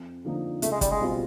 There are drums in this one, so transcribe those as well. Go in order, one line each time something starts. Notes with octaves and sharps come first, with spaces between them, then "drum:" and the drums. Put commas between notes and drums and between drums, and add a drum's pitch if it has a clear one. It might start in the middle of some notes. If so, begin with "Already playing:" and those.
Already playing: F2
D3 F3 A#3 D#4
C#2 A3, drum: hi-hat
G#3
G3, drum: kick, hi-hat
G#3
B2 G3 C4 F4